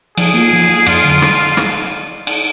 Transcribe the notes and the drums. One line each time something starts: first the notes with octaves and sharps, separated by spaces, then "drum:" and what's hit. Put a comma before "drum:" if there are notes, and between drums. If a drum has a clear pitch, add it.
F3 G#4, drum: cymbal
A#3 F4
F3
A#3 F4
F2 F4, drum: cymbal
D3 F#3
drum: rim click
drum: rim click
drum: cymbal